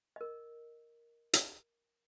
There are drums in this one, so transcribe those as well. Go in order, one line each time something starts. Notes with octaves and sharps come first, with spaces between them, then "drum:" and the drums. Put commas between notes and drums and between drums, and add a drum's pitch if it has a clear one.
A#4 D#5
drum: hi-hat